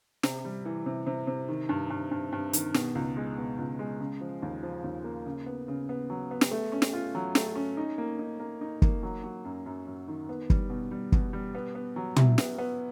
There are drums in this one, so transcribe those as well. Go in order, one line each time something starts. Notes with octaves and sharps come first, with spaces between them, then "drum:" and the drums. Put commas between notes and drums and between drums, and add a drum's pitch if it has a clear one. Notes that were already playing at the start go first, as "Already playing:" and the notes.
C3, drum: snare
G3
E3
C3
C3
C3
D#3
G2
G2
G2
G2
D#3, drum: hi-hat
B2, drum: snare
C#2
G#3
B2
C#2
G#3
C#3
F3
D#2
F3
D#2
A#3
C#3
B3
C#3
B3
F#3
B3
drum: snare
A3
C#4
drum: snare
F4
F#3
A3, drum: snare
C#4
D#4
A#3
D#4
A#3
D#4
A#3, drum: kick
F#3
F#3
F#2
F#2
F#2
D#3
B3
G3, drum: kick
B2
G3
B2, drum: kick
G3
B3
B3
F#3
E4, drum: tom
B3, drum: snare
B3